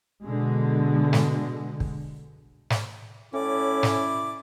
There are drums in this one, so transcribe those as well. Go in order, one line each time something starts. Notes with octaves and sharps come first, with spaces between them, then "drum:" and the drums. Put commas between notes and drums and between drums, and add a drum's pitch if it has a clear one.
B2 D3 G#3
drum: snare
drum: kick
drum: snare
A2 C#4 E4 D5 D6
drum: snare